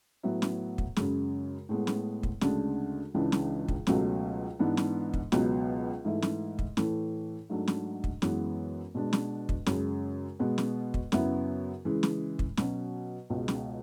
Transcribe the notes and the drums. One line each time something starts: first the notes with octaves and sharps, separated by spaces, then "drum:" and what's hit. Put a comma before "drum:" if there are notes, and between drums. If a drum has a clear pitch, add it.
A2 F#3 B3 E4
drum: snare
drum: kick
F#2 C#3 G#3, drum: snare
A2 G#3 B3
drum: snare
drum: kick
D2 C#3 G#3 D4, drum: snare
C#2 C#3 E3 G#3 D4
drum: snare
drum: kick
C#2 B2 F#3 A3 C#4, drum: snare
G#2 E3 B3 D4
drum: snare
drum: kick
C#2 B2 F#3 B3, drum: snare
G#2 E3 A3 E4
drum: snare
drum: kick
A2 E3 A3, drum: snare
G#2 F#3 A3 D4
drum: snare
drum: kick
F#2 E3 G#3 B3, drum: snare
B2 G#3 D4
drum: snare
drum: kick
F#2 C#3 G#3, drum: snare
B2 G#3 B3
drum: snare
drum: kick
F#2 C#3 F#3 B3 E4, drum: snare
C#3 E3 G#3
drum: snare
drum: kick
B2 F#3 C#4, drum: snare
C#2 B2 G#3
drum: snare